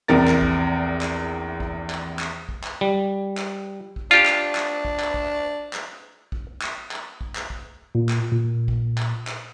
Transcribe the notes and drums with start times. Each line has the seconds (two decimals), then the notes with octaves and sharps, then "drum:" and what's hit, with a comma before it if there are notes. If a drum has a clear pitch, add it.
0.08 A#1 E2 C3 A#4 A6
0.28 drum: clap
0.42 drum: kick
1.01 drum: clap
1.60 drum: kick
1.90 drum: clap
2.19 drum: clap
2.49 drum: kick
2.64 drum: clap
2.81 G3
3.37 drum: clap
3.96 drum: kick
4.11 D4 F4 G4
4.26 drum: clap
4.55 drum: clap
4.85 drum: kick
4.99 drum: clap
5.14 drum: kick
5.73 drum: clap
6.32 drum: kick
6.62 drum: clap
6.91 drum: clap
7.21 drum: kick
7.35 drum: clap
7.50 drum: kick
7.95 A#2
8.09 drum: clap
8.32 A#2
8.68 drum: kick
8.98 drum: clap
9.27 drum: clap